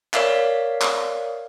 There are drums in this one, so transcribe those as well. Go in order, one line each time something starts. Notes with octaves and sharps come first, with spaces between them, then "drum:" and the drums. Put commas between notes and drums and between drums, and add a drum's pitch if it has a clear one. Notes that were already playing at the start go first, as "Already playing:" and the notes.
A#4 C#5 D5 E5 F5, drum: clap
drum: clap